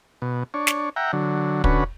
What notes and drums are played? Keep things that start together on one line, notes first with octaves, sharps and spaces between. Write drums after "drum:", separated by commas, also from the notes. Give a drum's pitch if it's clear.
B2
D4 C#5
drum: snare
E5 F#5 G5 A#5
D3 F#3
D3 C#4 F#4 B4, drum: kick